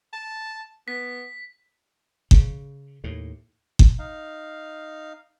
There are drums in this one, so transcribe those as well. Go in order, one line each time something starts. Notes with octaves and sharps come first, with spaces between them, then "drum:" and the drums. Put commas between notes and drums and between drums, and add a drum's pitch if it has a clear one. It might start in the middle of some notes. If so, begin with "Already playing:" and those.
A5
B3 B6
C#3, drum: kick G1
D#2 A2
drum: kick G1
D#4 F5